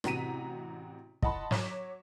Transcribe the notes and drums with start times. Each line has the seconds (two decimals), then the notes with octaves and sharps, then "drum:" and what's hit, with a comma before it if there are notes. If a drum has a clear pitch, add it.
0.04 A1 C3 F#4 A#5 B6 D#7, drum: rim click
1.22 D#5 F#5 A5 B5 C6, drum: kick
1.51 F#3 C#5 D6 B6 E7, drum: snare